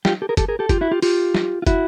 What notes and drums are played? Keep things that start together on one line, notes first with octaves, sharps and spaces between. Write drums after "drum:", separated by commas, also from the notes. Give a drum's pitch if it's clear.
F4 G4, drum: snare
G4 A4
G#4 A#4
G4 A4, drum: kick, hi-hat
G#4 A#4
G4 A4
F4 G4, drum: kick, hi-hat
E4 F#4
F4 G4
F4 G4, drum: open hi-hat
drum: snare
F4
E4 F#4, drum: kick, hi-hat